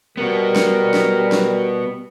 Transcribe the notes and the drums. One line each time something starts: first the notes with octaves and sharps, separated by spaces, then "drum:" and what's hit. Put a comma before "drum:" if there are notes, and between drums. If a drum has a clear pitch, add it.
G3 B3 F#4 A#4
drum: snare
drum: snare
drum: snare